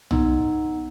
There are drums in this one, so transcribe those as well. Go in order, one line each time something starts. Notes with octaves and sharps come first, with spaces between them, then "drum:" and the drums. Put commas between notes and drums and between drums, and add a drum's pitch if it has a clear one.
B3 D#4, drum: tom